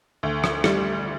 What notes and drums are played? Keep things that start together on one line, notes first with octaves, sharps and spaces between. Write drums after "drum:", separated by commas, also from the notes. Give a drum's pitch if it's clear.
D2
drum: rim click
G3, drum: rim click